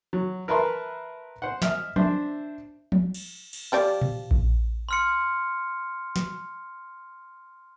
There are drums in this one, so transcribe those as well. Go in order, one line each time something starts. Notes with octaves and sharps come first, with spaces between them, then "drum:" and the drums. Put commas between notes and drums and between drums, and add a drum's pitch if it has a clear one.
F#3
A#4 B4 E5 A5 A#5 C6
C5 F#5
D#5 E5 F6, drum: snare
D4 C5 E5, drum: tom F3
drum: tom F3
drum: cymbal
drum: cymbal
F3 G4 D5
drum: tom A#2
drum: kick A#1
C6 F6 C#7
drum: snare